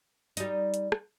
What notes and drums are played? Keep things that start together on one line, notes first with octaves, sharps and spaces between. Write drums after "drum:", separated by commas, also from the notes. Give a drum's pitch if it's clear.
G3 D#4, drum: hi-hat
drum: hi-hat
drum: rim click